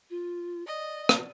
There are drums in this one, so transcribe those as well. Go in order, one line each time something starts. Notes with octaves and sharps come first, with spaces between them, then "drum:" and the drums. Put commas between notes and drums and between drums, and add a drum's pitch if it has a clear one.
F4
D5 D#5
drum: rim click